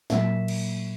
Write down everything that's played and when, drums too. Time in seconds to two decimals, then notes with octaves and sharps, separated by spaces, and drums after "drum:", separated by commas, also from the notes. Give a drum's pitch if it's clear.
0.10 A#2 F#3 A#3 E5, drum: snare
0.48 drum: cymbal